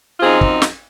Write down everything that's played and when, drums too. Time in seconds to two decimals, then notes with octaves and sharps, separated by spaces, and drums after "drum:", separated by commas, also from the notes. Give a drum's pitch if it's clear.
0.20 F#2 F3 C4 D#4 F4 G#4
0.41 drum: kick
0.62 drum: snare